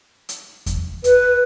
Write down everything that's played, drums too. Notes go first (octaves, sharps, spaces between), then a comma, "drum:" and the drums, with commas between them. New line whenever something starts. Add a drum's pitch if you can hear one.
drum: hi-hat
drum: kick E2, hi-hat
B4, drum: hi-hat